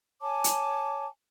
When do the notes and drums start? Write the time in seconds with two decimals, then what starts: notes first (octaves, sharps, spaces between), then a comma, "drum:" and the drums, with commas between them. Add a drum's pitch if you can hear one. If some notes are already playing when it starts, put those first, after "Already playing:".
0.22 C#5 G#5 A5 D6
0.44 drum: hi-hat